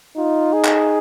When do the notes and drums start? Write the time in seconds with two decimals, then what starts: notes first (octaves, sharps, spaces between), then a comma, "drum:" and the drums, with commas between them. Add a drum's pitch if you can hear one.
0.17 D#4 F4
0.53 G#4
0.65 drum: clap